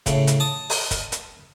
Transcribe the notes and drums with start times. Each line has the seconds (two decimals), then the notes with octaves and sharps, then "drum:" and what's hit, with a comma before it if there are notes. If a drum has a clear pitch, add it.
0.06 A2 C#3, drum: kick, hi-hat
0.27 drum: hi-hat
0.40 A5 D#6
0.70 drum: open hi-hat
0.91 drum: kick, hi-hat
1.12 drum: hi-hat